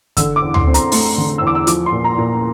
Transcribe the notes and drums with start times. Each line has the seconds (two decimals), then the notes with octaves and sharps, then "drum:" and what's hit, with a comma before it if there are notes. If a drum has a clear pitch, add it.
0.17 D3 E6, drum: kick, hi-hat
0.36 D6
0.42 E2
0.54 C6, drum: tom
0.67 C4
0.74 A#5, drum: hi-hat
0.92 A3 C6, drum: open hi-hat
1.18 D3
1.38 E6
1.42 E2 D6
1.55 E6
1.67 F3 D6, drum: hi-hat
1.86 C6
1.92 A#2
2.04 A#5
2.18 A#2